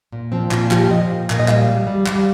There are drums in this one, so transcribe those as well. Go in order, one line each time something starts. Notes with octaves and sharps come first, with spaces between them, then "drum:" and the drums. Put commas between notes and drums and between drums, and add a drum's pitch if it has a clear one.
A#2
F3 C4
A#2 F4, drum: clap
F3 G4, drum: clap
F3 D#5
A#2
A#2, drum: clap
D#5
G3 F5, drum: clap
G3
G3
G3 F5, drum: clap